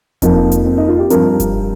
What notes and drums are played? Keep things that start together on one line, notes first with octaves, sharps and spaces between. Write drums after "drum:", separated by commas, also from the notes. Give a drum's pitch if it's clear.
F2 F3 A#3 D#4, drum: kick F1, hi-hat
drum: hi-hat
C4
D#4
F4
G4
G2 F3 C4 A#4, drum: hi-hat
drum: kick F1, hi-hat